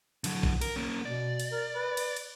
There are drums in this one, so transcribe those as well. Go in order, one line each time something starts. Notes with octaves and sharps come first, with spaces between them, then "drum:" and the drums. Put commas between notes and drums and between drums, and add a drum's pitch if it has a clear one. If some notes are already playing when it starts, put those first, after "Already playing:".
D3 F#3, drum: cymbal
drum: kick
A#4, drum: cymbal
A#3 C#4
B2 D5
drum: cymbal
A#4
B4
drum: cymbal
drum: cymbal